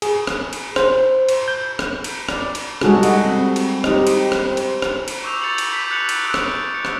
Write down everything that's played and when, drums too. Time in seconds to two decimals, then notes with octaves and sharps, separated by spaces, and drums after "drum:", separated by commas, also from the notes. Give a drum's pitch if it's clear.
0.02 G#4, drum: cymbal
0.27 drum: rim click
0.53 drum: cymbal
0.76 C5, drum: rim click
1.29 drum: cymbal
1.48 G6
1.79 drum: rim click
2.04 drum: cymbal
2.29 D5, drum: rim click
2.55 drum: cymbal
2.81 G3 G#3 D#4 F#4 G#4 A4, drum: rim click
3.03 D#5 F#5, drum: cymbal
3.25 C4
3.56 drum: cymbal
3.84 D#4 G4 C5 D#5, drum: rim click
4.07 drum: cymbal
4.32 drum: rim click
4.47 C5
4.57 drum: cymbal
4.82 drum: rim click
5.08 drum: cymbal
5.24 C#6 D6 E6 G6 F7
5.42 E6 G6 A6 C#7 F7 F#7
5.58 drum: cymbal
5.73 G6 B6
5.91 F#6 G6 B6 C#7 F7 F#7
6.09 drum: cymbal
6.25 D#6 E6 F#6 D7
6.34 drum: rim click
6.74 C#7
6.85 drum: rim click